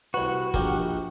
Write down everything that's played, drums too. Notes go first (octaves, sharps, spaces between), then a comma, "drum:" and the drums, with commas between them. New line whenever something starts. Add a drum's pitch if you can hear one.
C2 F#4 B4
A#1 G4 A#4, drum: kick F#1